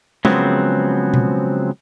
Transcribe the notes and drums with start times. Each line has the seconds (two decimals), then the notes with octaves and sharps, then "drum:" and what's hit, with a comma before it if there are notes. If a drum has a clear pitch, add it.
0.25 C#3 F3 F#3 G#3 B3 C4, drum: tom G#3
1.14 drum: tom B2